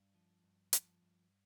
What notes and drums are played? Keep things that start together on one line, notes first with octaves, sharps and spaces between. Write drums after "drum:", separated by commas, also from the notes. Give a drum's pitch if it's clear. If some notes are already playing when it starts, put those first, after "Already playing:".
Already playing: G2
F3
G2
F3, drum: hi-hat
G2